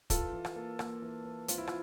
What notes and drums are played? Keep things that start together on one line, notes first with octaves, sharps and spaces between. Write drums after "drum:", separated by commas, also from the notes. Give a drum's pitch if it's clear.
E3 F4 A4, drum: kick, hi-hat
E3
drum: rim click
A#3
A#3, drum: rim click
E3
E3
C4 F4, drum: hi-hat
E4
F4, drum: rim click